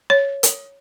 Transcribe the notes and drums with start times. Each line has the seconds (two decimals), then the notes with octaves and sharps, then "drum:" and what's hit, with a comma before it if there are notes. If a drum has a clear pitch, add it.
0.10 C#5
0.43 drum: hi-hat